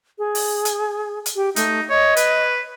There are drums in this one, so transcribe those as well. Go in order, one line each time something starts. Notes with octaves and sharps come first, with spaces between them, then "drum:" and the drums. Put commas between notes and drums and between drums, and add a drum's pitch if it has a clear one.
G#4
drum: open hi-hat
drum: hi-hat
drum: hi-hat
G4
A3 D#4, drum: hi-hat
C#5 D#5
B4, drum: hi-hat